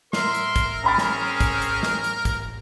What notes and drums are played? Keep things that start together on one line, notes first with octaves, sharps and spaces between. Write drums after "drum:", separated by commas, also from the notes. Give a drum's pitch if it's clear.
A#4 E5 C6, drum: snare
drum: hi-hat
drum: kick, hi-hat
C4 C#4 G#4 A#5 B5 A6
drum: snare
drum: kick, hi-hat
drum: hi-hat
drum: snare
drum: hi-hat
drum: kick, hi-hat